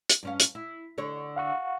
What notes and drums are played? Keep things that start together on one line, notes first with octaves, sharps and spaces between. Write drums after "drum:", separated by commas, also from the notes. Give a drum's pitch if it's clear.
drum: hi-hat
G2 C#4 F5
drum: hi-hat
E4
D3 C#5
F5 F#5 C#6